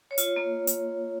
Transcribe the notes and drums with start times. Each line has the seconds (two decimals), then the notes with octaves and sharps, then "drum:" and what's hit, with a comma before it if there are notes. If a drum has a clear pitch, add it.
0.11 C#5
0.18 F4 D#5, drum: hi-hat
0.36 A#3
0.67 drum: hi-hat